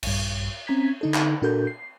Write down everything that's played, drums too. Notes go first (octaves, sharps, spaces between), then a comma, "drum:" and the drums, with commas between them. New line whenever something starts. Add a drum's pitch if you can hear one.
A#1 G2, drum: cymbal
C4 C#4 A#5 G#6 B6
D3 D#4 A4
drum: clap
A#2 D4 F#4 A4 A#4 G6
C7